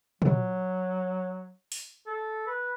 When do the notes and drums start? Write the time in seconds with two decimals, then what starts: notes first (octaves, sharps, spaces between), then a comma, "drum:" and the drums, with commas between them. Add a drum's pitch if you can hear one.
0.22 F#3, drum: tom
1.72 drum: open hi-hat
2.07 A4
2.47 B4